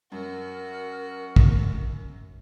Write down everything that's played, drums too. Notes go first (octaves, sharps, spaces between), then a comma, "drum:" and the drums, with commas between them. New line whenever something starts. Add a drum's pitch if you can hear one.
F#2 F#4 A#4
drum: kick